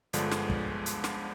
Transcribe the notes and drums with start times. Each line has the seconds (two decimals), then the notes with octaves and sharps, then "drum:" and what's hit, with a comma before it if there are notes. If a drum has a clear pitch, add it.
0.13 G1 G2 D3 F3 G#3, drum: hi-hat
0.32 drum: snare
0.50 drum: kick
0.86 drum: hi-hat
1.04 drum: snare